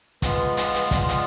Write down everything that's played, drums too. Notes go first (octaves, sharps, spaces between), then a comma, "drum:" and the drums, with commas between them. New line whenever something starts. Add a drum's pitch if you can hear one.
G#3 B3 F4 B4, drum: kick, hi-hat
drum: hi-hat
drum: hi-hat
G#3 B3 F4 D5, drum: kick, hi-hat
drum: hi-hat